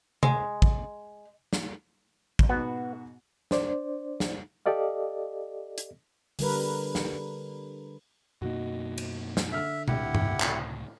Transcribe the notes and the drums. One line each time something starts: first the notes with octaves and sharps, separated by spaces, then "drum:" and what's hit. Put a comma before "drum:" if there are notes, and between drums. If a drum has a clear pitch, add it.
G#3, drum: tom C3
drum: kick
drum: snare
drum: kick
G#2 B2 B3 F#4
D4 C5 D5, drum: snare
drum: snare
G4 A4 D5 D#5 F5
drum: hi-hat
D3 G3 A#4 B4, drum: open hi-hat
drum: snare
F#2 B2 A#3 D#4 F#4
drum: cymbal
drum: snare
D3 E5 F6
C#2 A2 C3 E4 G4 F#5, drum: tom B2
drum: tom G2
drum: clap